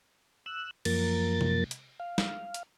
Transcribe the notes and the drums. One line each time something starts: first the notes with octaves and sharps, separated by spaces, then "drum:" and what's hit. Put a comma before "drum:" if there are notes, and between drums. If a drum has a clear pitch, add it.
E6 F#6
F#2 F3 A#3 A#4 A6, drum: cymbal
drum: tom C3
drum: hi-hat
F5
drum: snare
drum: hi-hat